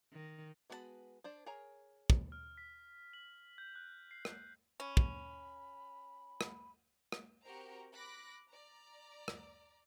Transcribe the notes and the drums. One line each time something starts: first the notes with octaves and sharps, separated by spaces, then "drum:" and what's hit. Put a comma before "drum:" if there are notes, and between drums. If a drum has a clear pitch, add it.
D#3
G#3 B3 F#4 A4 A5
D4 C5 D5
G#4 A#4 C#5 A#5
drum: kick
F6
B6
F#7
G6
F#6
C7
drum: rim click
C#4 B5
drum: kick
drum: rim click
drum: rim click
C4 F#4 G4 A#4 C5 A#5
B5 D6 F#6 A#6
D5 A#5
drum: rim click